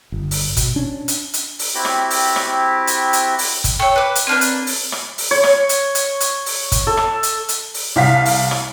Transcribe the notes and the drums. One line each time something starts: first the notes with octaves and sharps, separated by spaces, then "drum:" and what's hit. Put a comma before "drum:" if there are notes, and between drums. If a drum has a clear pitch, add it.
G1
drum: open hi-hat
B2, drum: kick, hi-hat
C#4 D4
drum: hi-hat
drum: hi-hat
drum: open hi-hat
C4 E4 F#4 G4
drum: rim click
drum: open hi-hat
drum: rim click
drum: hi-hat
drum: hi-hat
drum: open hi-hat
drum: kick, hi-hat
A3 C#5 G5 E6
B4 D6
drum: hi-hat
A#3 C4 D4 B4 F6
drum: hi-hat
drum: open hi-hat
drum: rim click
drum: open hi-hat
C#5
drum: rim click
drum: hi-hat
drum: hi-hat
drum: hi-hat
drum: open hi-hat
drum: kick, hi-hat
A4
drum: rim click
drum: hi-hat
drum: hi-hat
drum: open hi-hat
C2 F5 B6
drum: open hi-hat
drum: rim click